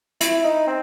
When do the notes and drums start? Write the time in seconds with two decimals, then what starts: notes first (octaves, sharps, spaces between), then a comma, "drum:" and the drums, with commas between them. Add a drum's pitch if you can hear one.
0.21 E4, drum: hi-hat
0.44 D#4
0.67 C4